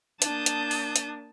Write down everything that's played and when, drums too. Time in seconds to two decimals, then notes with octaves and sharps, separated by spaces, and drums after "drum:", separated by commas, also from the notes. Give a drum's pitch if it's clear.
0.22 A#3 D4 A5 D#6 G6, drum: hi-hat
0.46 drum: hi-hat
0.71 drum: open hi-hat
0.96 drum: hi-hat